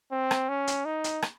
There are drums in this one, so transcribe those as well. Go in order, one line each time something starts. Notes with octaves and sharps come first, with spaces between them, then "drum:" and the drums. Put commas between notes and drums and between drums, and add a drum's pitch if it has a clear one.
C4
drum: rim click
C#4
drum: hi-hat
D#4
drum: hi-hat
drum: rim click